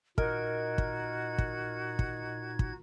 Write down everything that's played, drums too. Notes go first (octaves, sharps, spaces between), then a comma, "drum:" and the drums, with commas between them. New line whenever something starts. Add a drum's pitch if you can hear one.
A#2 D#4 F#4 A#4 D#5 G#6, drum: kick
drum: kick
drum: kick
drum: kick
drum: kick